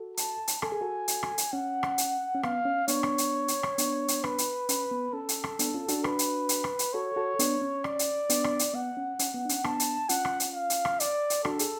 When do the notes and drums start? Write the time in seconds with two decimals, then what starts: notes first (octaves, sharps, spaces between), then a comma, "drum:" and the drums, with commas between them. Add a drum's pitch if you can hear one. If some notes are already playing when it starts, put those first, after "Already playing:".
Already playing: F#4 A4
0.17 A5, drum: hi-hat
0.48 drum: hi-hat
0.62 A4 G#5, drum: rim click
0.72 G#4
0.81 F#4 A4
1.08 drum: hi-hat
1.23 drum: rim click
1.38 drum: hi-hat
1.53 C#4 F#5
1.83 drum: rim click
1.98 drum: hi-hat
2.35 C#4
2.43 B3 F5, drum: rim click
2.65 C#4
2.88 B3 D4 C#5, drum: hi-hat
3.03 drum: rim click
3.18 drum: hi-hat
3.48 drum: hi-hat
3.63 drum: rim click
3.78 B3 D4, drum: hi-hat
4.08 drum: hi-hat
4.24 B4, drum: rim click
4.38 drum: hi-hat
4.69 C#4, drum: hi-hat
4.91 B3
5.13 C#4 A4
5.29 drum: hi-hat
5.44 drum: rim click
5.59 B3 D4, drum: hi-hat
5.74 C#4 F4
5.88 D4 F#4, drum: hi-hat
6.04 B4, drum: rim click
6.19 drum: hi-hat
6.49 drum: hi-hat
6.64 drum: rim click
6.79 drum: hi-hat
6.94 F#4 A4 C#5
7.16 F#4 A4
7.39 B3 D4, drum: hi-hat
7.62 C#4
7.84 D5, drum: rim click
7.99 drum: hi-hat
8.30 B3 D4, drum: hi-hat
8.44 drum: rim click
8.59 drum: hi-hat
8.74 B3 F#5
8.97 C#4
9.19 C#4, drum: hi-hat
9.34 B3
9.45 D4
9.49 C#4, drum: hi-hat
9.64 B3 D4 A5, drum: rim click
9.80 drum: hi-hat
10.09 C#4 F4 F#5, drum: hi-hat
10.25 drum: rim click
10.40 drum: hi-hat
10.54 F5
10.70 drum: hi-hat
10.85 drum: rim click
11.00 D5, drum: hi-hat
11.30 drum: hi-hat
11.45 D4 F#4 A4, drum: rim click
11.59 G#4, drum: hi-hat